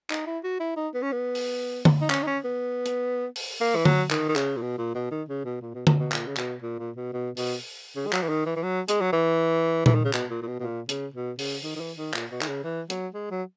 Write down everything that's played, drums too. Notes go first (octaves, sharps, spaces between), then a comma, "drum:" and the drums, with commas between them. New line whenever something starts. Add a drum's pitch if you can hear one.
D#4, drum: clap
E4
F#4
E4
D#4
B3
C#4
B3
drum: open hi-hat
drum: tom D3
D#4
C#4, drum: clap
D#4
C#4
B3
drum: hi-hat
drum: open hi-hat
A#3
E3
F#3, drum: tom D3
D#3, drum: clap
D#3
C#3, drum: clap
A#2
B2
A#2
B2
D#3
C#3
B2
A#2
B2
B2, drum: tom D3
B2
A#2, drum: clap
C#3
B2, drum: clap
A#2
A#2
B2
B2
B2, drum: open hi-hat
C#3
G#3
F#3, drum: clap
E3
D#3
E3
E3
F#3
G#3, drum: hi-hat
F#3
E3
E3, drum: tom A#2
D#3
C#3
B2, drum: clap
A#2
A#2
B2
B2
A#2
C#3, drum: hi-hat
B2
C#3, drum: open hi-hat
D#3
D#3
E3
D#3
A#2, drum: clap
B2
D#3, drum: clap
C#3
E3
F#3, drum: hi-hat
G#3
F#3